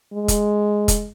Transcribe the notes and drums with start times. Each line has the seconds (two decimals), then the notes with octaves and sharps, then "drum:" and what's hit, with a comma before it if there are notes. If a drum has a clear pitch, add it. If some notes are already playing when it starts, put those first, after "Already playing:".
0.13 G#3
0.28 drum: kick, hi-hat
0.88 drum: kick, hi-hat